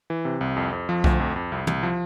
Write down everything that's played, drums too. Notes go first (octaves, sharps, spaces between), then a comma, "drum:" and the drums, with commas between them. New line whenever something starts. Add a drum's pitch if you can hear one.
E3
C3
C2
F2
F2
F3
D2, drum: kick B1
F2
F2
C2
C2, drum: tom
F3